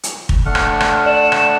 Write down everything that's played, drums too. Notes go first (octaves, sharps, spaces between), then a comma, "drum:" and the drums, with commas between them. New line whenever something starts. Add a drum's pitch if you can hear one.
drum: hi-hat
drum: kick
A3 D4 F#5 F6
drum: rim click
drum: rim click
D5 E7
drum: rim click